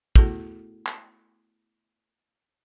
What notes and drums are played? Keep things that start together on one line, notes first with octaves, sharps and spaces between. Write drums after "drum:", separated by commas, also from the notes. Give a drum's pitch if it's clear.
A3 B3 E4 F#4 G#4 A4, drum: kick
drum: clap